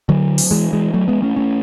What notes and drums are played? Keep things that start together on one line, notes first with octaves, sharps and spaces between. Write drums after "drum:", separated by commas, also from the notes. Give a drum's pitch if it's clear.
D3 F#3
drum: open hi-hat
E3 G#3
E3 G#3
F#3 A3
G#3 B3
A3 C#4
A3 C#4